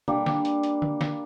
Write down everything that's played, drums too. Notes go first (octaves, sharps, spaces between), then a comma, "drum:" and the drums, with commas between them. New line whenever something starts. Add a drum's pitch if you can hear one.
G3 A#3 D4, drum: tom
drum: snare
drum: hi-hat
drum: hi-hat
drum: tom
drum: snare